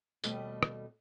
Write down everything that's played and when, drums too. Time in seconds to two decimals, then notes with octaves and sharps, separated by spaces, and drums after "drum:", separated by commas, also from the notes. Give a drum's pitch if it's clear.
0.24 D#2 B2 G3 A3 D#5, drum: tambourine
0.63 drum: rim click